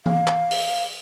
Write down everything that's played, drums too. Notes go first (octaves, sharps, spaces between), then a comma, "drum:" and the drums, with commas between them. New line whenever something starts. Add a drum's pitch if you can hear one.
F5, drum: tom E3
drum: clap
drum: open hi-hat